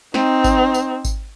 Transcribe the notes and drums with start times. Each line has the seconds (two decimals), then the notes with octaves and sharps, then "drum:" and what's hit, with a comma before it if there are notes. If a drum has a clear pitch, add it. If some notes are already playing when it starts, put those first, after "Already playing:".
0.14 C4 D#4, drum: snare
0.44 drum: kick G#1, tambourine
0.74 drum: tambourine
1.05 drum: kick G#1, tambourine